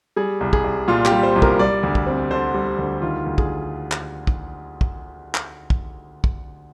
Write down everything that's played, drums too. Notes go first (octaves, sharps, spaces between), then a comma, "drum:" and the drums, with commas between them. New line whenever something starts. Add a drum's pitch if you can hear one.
G3 G#4
C2
G#4, drum: kick
C2
A#2 F4
G4, drum: clap
G3
C5
C2
A#4, drum: kick
G3 D5
D2
drum: kick
C4
D3 C5
G3
D2
D#3 F4
D2
G#4, drum: kick
drum: clap
drum: kick
drum: kick
drum: clap
drum: kick
drum: kick